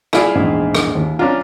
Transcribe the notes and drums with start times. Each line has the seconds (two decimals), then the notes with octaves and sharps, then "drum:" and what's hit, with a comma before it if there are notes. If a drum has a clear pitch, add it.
0.13 E4 F4 G#4 D5 E5 B5, drum: rim click
0.35 A#1 E2 G#2
0.75 drum: rim click
0.95 D#2
1.19 C#4 D4 F4 A#5